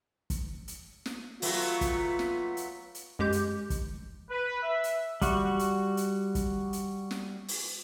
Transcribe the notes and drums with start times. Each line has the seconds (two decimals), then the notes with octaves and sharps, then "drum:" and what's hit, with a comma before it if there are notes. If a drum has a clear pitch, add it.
0.30 drum: kick, hi-hat
0.68 drum: hi-hat
1.06 drum: snare
1.42 F#3 A3 B3 F4, drum: open hi-hat
1.81 drum: kick, hi-hat
2.19 drum: snare
2.57 drum: hi-hat
2.95 drum: hi-hat
3.19 F#2 G#3 G4 D6 G6
3.32 drum: hi-hat
3.70 drum: kick, hi-hat
4.30 B4
4.63 E5
4.84 drum: hi-hat
5.22 G3 F#4, drum: kick, hi-hat
5.59 drum: hi-hat
5.97 drum: hi-hat
6.35 drum: kick, hi-hat
6.73 drum: hi-hat
7.11 drum: snare
7.48 drum: open hi-hat